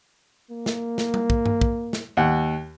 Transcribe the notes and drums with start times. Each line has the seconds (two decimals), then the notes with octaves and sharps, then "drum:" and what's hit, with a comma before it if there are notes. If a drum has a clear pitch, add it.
0.50 A#3
0.66 drum: snare
0.98 drum: snare
1.14 drum: tom G3
1.30 drum: kick
1.46 drum: tom G2
1.61 drum: kick
1.93 drum: snare
2.17 D#2 F#5